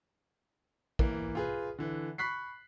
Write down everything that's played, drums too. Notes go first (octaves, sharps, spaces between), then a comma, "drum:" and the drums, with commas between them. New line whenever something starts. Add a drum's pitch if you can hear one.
E3 A#3, drum: kick
F4 G#4 B4
D3 E3
B5 C#6 F#6 B6 C7